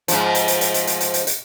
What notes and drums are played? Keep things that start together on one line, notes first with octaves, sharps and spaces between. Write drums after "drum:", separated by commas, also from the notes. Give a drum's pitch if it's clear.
G#2 F3, drum: hi-hat
drum: hi-hat
drum: hi-hat
drum: hi-hat
drum: hi-hat
drum: hi-hat
drum: hi-hat
drum: hi-hat
drum: hi-hat